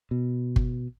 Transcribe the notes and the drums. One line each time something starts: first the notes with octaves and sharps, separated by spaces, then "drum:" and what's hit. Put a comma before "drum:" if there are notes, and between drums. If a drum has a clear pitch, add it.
B2
drum: kick G1